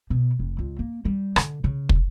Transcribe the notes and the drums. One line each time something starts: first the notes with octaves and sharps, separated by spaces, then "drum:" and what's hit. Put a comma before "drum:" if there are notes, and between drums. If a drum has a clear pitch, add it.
B2
F1
C#2
A#3
G3
D3, drum: rim click
C#3
drum: kick